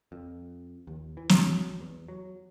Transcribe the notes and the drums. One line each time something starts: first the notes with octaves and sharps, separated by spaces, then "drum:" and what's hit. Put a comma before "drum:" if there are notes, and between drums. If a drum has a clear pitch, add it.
F2
D#2
E3
F#3, drum: snare
E2
F#3